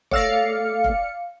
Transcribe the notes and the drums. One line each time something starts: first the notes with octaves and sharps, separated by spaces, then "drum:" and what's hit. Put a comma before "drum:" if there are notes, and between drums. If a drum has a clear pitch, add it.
A3 C#5 D5 F5 E6 A#6 C#7, drum: kick F1
drum: kick F1